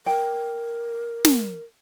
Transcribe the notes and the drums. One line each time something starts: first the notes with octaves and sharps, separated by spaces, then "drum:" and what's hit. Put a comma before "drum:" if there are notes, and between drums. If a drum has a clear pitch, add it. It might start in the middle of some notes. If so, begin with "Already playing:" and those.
A#4 G5
drum: snare